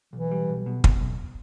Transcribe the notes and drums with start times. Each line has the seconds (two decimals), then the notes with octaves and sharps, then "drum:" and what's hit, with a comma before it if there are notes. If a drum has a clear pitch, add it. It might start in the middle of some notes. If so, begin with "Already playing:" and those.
0.13 B1 E3
0.31 G3
0.49 B1
0.66 B2
0.84 B1, drum: kick
1.01 B1